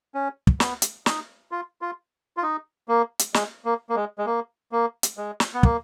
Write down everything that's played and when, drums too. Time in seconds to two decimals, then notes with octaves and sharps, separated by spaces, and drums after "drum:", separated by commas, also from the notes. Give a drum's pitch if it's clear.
0.15 C#4
0.47 drum: kick
0.60 B3, drum: snare
0.82 drum: hi-hat
1.06 D#4, drum: snare
1.52 F4
1.82 F4
2.37 F4
2.43 D#4
2.88 A#3
3.19 drum: hi-hat
3.34 G#3, drum: snare
3.65 A#3
3.89 A#3
3.96 G#3
4.19 G#3
4.26 A#3
4.72 A#3
5.03 drum: hi-hat
5.18 G#3
5.40 drum: snare
5.54 B3
5.63 A#3, drum: kick